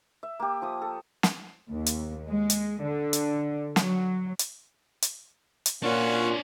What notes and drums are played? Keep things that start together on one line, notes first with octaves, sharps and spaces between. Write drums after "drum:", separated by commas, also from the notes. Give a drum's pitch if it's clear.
E5
A#3 G4
F3 D#6
A4
drum: snare
D#2
drum: hi-hat
G#3
drum: hi-hat
D3
drum: hi-hat
F#3, drum: snare
drum: hi-hat
drum: hi-hat
drum: hi-hat
A#2 C#4 D4 F4 F#4 C#5 F#5